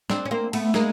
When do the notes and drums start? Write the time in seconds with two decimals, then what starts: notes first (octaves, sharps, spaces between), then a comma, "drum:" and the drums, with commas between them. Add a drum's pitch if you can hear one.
0.10 C4 D4, drum: snare
0.25 C#4
0.31 A#3 C4
0.53 A3 B3, drum: cymbal
0.74 G#3 A#3, drum: snare